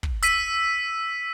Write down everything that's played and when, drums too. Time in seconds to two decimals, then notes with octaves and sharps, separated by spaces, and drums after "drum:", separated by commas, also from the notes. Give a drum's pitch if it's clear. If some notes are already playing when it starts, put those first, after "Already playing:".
0.03 drum: kick
0.23 E6 B6 D#7, drum: hi-hat